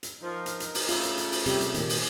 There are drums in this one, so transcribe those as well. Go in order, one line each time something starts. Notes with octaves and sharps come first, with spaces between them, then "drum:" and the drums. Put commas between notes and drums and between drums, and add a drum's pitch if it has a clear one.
drum: hi-hat
F3 D#4 A#4
drum: hi-hat
drum: hi-hat
drum: open hi-hat
C#3 A3 F4, drum: hi-hat
drum: hi-hat
drum: hi-hat
drum: open hi-hat
C3 G3 G4, drum: hi-hat
drum: hi-hat
A#2 D#3, drum: hi-hat
drum: open hi-hat